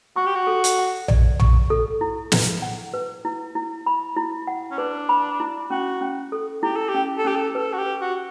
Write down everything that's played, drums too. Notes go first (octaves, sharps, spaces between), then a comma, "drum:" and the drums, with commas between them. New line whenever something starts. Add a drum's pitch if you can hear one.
F#4 C#6
G4
F#4
A4
drum: hi-hat
F#5
D5, drum: tom A#1
C#6, drum: tom A#1
A4
E4
E4, drum: snare
F#5
B4
E4
E4
B5
E4
F#5
C#4
D4 B4
B5
E4
C#4 F#4
C#4
A4
E4 G4
A4
G4
C#4
A4
C#4 G4
A4
A4 B4
F#4
G4
B4
F#4